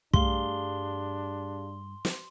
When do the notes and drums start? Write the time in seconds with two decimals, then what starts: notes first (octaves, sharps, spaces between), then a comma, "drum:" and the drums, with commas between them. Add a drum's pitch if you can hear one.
0.14 G2 A3 D4 G4 G#4 F5 C6 G7, drum: kick
2.05 drum: snare